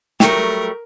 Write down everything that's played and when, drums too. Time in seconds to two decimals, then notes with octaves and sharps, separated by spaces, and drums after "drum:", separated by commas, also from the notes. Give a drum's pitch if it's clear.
0.20 F#3 G3 A3 A#4 G5, drum: snare